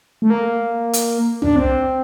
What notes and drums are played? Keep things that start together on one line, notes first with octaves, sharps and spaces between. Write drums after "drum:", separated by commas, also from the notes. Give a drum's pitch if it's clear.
A3
A#3
drum: hi-hat
D4, drum: tom
C4